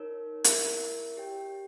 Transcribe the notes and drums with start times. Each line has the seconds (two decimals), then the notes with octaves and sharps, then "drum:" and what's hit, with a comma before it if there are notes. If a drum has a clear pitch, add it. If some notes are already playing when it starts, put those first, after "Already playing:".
Already playing: D#4 A#4 C#5
0.44 E4 A#4 E5, drum: hi-hat
1.17 G4 C#5 G5